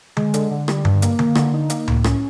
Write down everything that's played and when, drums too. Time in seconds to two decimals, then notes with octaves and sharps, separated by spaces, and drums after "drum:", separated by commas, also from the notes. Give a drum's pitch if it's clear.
0.17 G#3, drum: tom D3
0.34 D3, drum: hi-hat
0.51 D3
0.68 G3, drum: rim click
0.85 G2, drum: tom D3
1.02 A#3, drum: hi-hat
1.19 A#3, drum: tom D3
1.35 D3, drum: rim click
1.54 D#4
1.70 A#3, drum: hi-hat
1.88 A2, drum: tom C#2
2.04 C#4, drum: rim click